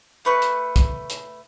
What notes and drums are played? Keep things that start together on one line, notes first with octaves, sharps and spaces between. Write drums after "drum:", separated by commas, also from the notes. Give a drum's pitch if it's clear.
A3 B4 C#6
drum: hi-hat
drum: kick, hi-hat
drum: hi-hat